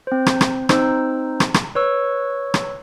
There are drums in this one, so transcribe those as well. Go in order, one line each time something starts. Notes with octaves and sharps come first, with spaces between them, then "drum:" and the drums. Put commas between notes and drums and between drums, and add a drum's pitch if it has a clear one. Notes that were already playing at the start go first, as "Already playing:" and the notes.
C4 C5
drum: rim click
drum: rim click
C4 D#4 C5 E6, drum: rim click
drum: rim click
drum: rim click
B4 C#5 C#6 E6
drum: rim click